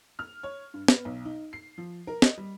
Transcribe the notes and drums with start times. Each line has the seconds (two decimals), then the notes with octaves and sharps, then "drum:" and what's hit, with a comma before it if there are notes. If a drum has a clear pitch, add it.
0.19 F6
0.43 C#5
0.74 G2
0.88 B3, drum: snare
1.05 B1
1.25 D#4
1.53 C7
1.78 F3
2.07 A#4
2.22 D#5, drum: snare
2.38 G3